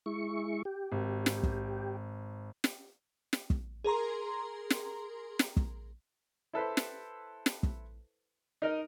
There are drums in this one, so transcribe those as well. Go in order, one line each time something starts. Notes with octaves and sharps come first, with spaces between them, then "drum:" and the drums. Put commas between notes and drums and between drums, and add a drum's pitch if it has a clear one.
G#3 E4 C#6
G4
G#1
drum: snare
drum: kick
drum: snare
drum: snare
drum: kick
G#4 A#4 A#5 C6
drum: snare
drum: snare
drum: kick
E4 A4 B4 C5
drum: snare
drum: snare
drum: kick
D#4 A#4 D#5